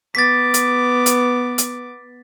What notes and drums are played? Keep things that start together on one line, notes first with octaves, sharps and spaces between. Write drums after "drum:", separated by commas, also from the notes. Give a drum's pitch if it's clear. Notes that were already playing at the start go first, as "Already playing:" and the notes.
B3 D6 A6 B6
drum: hi-hat
drum: hi-hat
drum: hi-hat